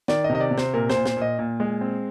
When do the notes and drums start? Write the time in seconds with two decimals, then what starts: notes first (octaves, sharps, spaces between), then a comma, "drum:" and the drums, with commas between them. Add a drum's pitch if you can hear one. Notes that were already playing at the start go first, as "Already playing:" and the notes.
0.08 D#3 D5, drum: snare
0.24 D#5
0.29 C3
0.35 D#5
0.40 D5
0.51 C3
0.58 C5, drum: snare
0.73 A#2 A#4
0.90 C5, drum: snare
0.95 A#2
1.06 C5, drum: snare
1.17 A#2 D#5
1.39 A#2
1.60 G#3
1.81 C4